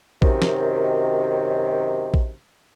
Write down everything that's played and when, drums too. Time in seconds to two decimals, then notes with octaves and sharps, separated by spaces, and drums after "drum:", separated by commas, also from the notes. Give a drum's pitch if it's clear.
0.22 F#2 C3 D#3, drum: kick
0.42 drum: snare
2.14 drum: kick